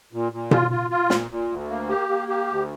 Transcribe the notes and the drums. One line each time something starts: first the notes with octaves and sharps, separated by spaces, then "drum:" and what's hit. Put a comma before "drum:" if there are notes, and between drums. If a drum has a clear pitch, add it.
A#2
A#2
F4, drum: tom B2
F4
F4
A#2, drum: snare
A#2
D2
A#3
G4
A#3
G4
D2